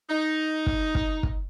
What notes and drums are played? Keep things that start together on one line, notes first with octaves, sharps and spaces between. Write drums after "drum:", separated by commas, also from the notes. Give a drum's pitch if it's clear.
D#4
drum: kick
drum: kick
drum: kick